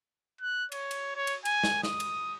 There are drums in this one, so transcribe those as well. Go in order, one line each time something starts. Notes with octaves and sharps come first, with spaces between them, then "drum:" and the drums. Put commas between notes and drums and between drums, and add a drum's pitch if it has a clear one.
F#6
C#5, drum: cymbal
drum: cymbal
C#5
drum: cymbal
G#5, drum: cymbal
drum: snare
D#6, drum: snare
drum: cymbal